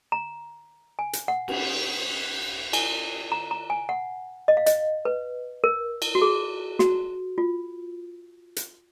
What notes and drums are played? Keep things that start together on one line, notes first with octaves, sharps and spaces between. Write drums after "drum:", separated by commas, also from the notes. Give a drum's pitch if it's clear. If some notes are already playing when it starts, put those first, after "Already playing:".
A#5
G#5
drum: hi-hat
F#5
drum: cymbal
G#5, drum: cymbal
A#5
A#5
G#5
F#5
D#5
F5
D#5, drum: hi-hat
B4
A#4
drum: cymbal
F#4
G#4
F#4, drum: snare
F4
drum: hi-hat